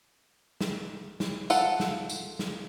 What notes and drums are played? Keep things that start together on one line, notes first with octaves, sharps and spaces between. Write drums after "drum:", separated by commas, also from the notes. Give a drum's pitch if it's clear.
drum: snare
drum: snare
F4 A4 F#5, drum: tambourine
drum: snare
drum: tambourine
drum: snare